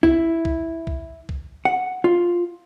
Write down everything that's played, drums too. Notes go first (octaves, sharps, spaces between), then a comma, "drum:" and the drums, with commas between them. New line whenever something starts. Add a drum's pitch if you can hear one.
E4, drum: kick
drum: kick
drum: kick
drum: kick
F#5
F4